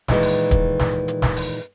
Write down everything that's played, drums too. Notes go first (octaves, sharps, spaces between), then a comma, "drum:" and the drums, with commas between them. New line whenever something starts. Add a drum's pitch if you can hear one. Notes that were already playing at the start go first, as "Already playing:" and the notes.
A#2 D#3 E3 G#3, drum: snare
drum: open hi-hat
drum: kick, hi-hat
drum: snare
drum: hi-hat
drum: snare
drum: open hi-hat